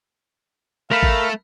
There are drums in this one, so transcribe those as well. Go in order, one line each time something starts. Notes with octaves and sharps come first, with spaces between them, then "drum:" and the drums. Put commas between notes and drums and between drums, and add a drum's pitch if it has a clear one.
A3 A#4 F5 B5
drum: kick G#1